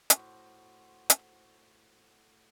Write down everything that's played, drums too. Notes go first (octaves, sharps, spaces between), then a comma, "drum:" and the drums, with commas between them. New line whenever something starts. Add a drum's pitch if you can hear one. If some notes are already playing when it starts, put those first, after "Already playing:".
A2 F#4 C5, drum: hi-hat
drum: hi-hat